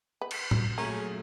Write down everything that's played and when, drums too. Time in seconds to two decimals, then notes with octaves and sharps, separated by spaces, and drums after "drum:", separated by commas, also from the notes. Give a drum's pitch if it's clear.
0.21 B4
0.31 drum: cymbal
0.51 drum: tom A2
0.78 A#2 F#3 A3 C#4 G#4 A#4